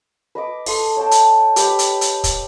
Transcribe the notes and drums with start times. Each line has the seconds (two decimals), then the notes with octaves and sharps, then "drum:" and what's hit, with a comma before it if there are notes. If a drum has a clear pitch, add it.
0.35 B4 D#5 D6
0.66 A4 C6 D#6, drum: open hi-hat
0.97 C#5 G5 A5
1.11 drum: hi-hat
1.56 G4 B4 G5, drum: hi-hat
1.79 drum: hi-hat
2.01 drum: hi-hat
2.24 drum: kick, hi-hat